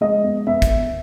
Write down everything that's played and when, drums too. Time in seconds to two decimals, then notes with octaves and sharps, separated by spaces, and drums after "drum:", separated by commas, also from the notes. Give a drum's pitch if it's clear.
0.01 G#3 D#5
0.23 B3
0.47 B3 E5
0.62 drum: kick, hi-hat